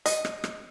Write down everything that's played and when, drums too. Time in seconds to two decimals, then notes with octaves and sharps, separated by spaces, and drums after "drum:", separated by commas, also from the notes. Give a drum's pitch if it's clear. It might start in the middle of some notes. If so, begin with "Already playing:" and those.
0.06 D#5, drum: hi-hat
0.25 drum: rim click
0.44 drum: rim click